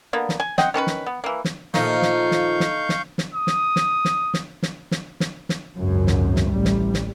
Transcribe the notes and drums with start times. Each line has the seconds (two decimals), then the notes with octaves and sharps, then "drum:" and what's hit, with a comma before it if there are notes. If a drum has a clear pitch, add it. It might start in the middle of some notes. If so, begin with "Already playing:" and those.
0.13 D3 A#3 B3
0.29 drum: snare
0.40 G#5
0.58 C4 D#5 F#5 G5, drum: snare
0.74 D#3 C#4 F4 B4
0.87 drum: snare
1.06 B3
1.24 E3 A#3
1.45 drum: snare
1.74 A#2 D#3 F3 A3 D#4 F5 C#6 G6, drum: snare
2.02 drum: snare
2.31 drum: snare
2.60 drum: snare
2.89 drum: snare
3.18 drum: snare
3.35 D#6
3.47 drum: snare
3.76 drum: snare
4.05 drum: snare
4.34 drum: snare
4.63 drum: snare
4.91 drum: snare
5.20 drum: snare
5.49 drum: snare
5.74 G#1 C#2 F#2
6.07 drum: snare
6.36 drum: snare
6.52 A1 G3
6.65 drum: snare
6.94 drum: snare